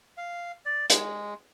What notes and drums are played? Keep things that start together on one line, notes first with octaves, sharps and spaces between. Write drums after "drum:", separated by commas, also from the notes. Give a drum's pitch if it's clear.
F5
D5
G#3, drum: hi-hat